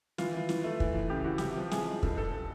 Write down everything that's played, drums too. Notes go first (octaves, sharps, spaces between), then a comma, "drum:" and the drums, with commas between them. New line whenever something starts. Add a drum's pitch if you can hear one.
E3 F4, drum: snare
E3
E3, drum: snare
A3
E3, drum: kick
E3
C#3 G4
E3 F#4
C3 G4, drum: snare
F3
C3 G#4, drum: snare
G#3
G2 A4, drum: kick
G2 A4